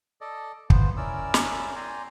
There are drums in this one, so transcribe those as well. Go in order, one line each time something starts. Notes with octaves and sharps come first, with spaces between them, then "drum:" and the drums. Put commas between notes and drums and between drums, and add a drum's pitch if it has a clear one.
A4 D5 D#5
B3 F4 C5, drum: kick
C#4 E4 A#4 D5 E6
drum: snare
D5 G5 G#5 A#5 C6